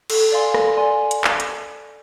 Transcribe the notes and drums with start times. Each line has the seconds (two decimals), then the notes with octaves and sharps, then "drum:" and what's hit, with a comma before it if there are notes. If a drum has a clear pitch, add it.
0.10 A4, drum: cymbal
0.32 D5 F5 G#5 C6
0.54 A4, drum: rim click
0.77 D5 F5 G#5 C6
1.11 drum: hi-hat
1.24 drum: clap
1.40 drum: hi-hat